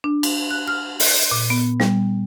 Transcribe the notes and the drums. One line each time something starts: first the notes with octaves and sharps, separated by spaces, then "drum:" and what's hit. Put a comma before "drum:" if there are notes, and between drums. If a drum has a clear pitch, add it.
D4
drum: cymbal
F#6
F6
drum: open hi-hat
A#2
B3
G3, drum: snare